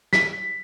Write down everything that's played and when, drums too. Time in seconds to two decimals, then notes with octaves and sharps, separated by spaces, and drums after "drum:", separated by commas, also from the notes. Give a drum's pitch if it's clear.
0.13 B6, drum: snare